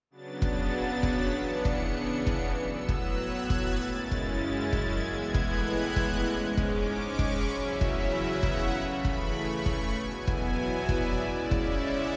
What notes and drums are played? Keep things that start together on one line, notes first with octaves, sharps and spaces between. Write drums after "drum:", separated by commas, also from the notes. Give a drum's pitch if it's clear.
C#3 F#3 B3 D4 A6
drum: kick
B6, drum: kick
C#3 E3 B3 D4 C#7
drum: kick
drum: kick
A2 F#3 B3 E6
F#6, drum: kick
G#6
A6, drum: kick
F#2 C#3 G#3 C#4 E4 A6
drum: kick
A6
G#6, drum: kick
A2 E3 G#3 B3 E4 G#6
F#6, drum: kick
drum: kick
G#2 G#3 C#4
D6, drum: kick
C#6
B5, drum: kick
E2 C#3 F#3 C#4 E4 E5
drum: kick
F#5
C#6, drum: kick
C#3 E3 A3 B5
C#6, drum: kick
B5
B5, drum: kick
E2 B2 F#3 B3 E4 G#5
drum: kick
E5
D5, drum: kick
C#3 G#3 C#4 E4 D5
E5, drum: kick
F#5